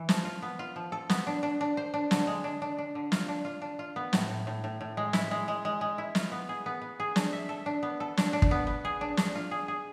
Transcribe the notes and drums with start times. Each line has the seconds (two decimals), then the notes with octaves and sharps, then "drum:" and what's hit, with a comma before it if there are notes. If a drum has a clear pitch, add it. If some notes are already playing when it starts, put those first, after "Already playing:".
Already playing: E3
0.09 F3, drum: snare
0.25 F4
0.42 B3
0.59 F4
0.76 F3
0.92 A4
1.09 B3, drum: snare
1.27 D4
1.43 D4
1.61 D4
1.77 C5
1.94 D4
2.11 D3, drum: snare
2.27 G#3
2.44 D4
2.62 D4
2.78 D4
2.95 D3
3.12 F4, drum: snare
3.28 D4
3.45 F4
3.62 D4
3.79 F4
3.96 B3
4.13 A2, drum: snare
4.29 A2
4.47 A2
4.64 A2
4.81 A2
4.97 G#3
5.13 E4, drum: snare
5.31 G#3
5.48 G#3
5.65 G#3
5.81 G#3
5.98 E4
6.15 F4, drum: snare
6.32 B3
6.49 G#4
6.66 B3
6.82 B3
7.00 G#4
7.16 D4, drum: snare
7.33 E5
7.49 A4
7.66 D4
7.83 B3
8.00 A4
8.17 D4, drum: snare
8.33 D4
8.42 drum: kick
8.51 B3
8.67 B3
8.85 G#4
9.01 D4
9.17 D4, drum: snare
9.35 F4
9.51 G#4
9.68 G#4